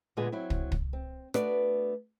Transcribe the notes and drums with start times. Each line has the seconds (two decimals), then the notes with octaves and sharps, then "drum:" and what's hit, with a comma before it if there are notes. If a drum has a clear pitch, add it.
0.17 A#2 D3 G#3 B3 D4 G#4
0.32 F#3 C4 E4
0.50 drum: kick
0.72 drum: kick
0.93 C4
1.34 A3 B3 D4 F#4 B4 D5, drum: rim click